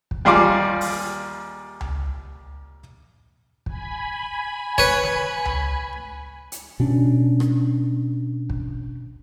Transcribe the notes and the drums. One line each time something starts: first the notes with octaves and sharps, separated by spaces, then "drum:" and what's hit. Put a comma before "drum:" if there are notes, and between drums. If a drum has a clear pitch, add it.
drum: kick
D#2 G3 F4 G#4 C6 D6
drum: open hi-hat
drum: tom C#2
G#5 B5, drum: kick
B4 C#5, drum: kick
drum: snare
drum: tom C#2
drum: hi-hat
B2 C#4 D4
drum: rim click
drum: kick